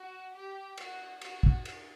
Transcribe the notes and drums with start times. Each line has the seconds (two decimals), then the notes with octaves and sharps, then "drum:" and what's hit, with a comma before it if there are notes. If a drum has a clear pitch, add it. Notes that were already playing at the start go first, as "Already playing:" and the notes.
Already playing: F#4
0.33 G4
0.78 F#4, drum: cymbal
1.21 F#4, drum: cymbal
1.43 drum: kick
1.65 drum: cymbal